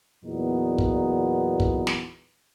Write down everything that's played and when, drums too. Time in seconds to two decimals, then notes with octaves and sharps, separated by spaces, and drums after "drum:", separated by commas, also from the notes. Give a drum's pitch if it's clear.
0.24 E2 A#2 F#3 B3 D#4
0.78 drum: kick
1.60 drum: kick
1.87 drum: snare